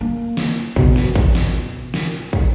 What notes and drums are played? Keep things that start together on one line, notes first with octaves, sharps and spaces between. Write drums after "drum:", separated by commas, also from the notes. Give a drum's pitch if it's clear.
A#3
drum: snare
B2, drum: kick
drum: snare
drum: kick
drum: snare
drum: snare
drum: kick